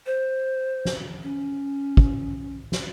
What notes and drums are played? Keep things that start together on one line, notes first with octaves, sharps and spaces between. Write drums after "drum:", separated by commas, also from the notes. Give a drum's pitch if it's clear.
C5
drum: snare
C#4
drum: kick
drum: snare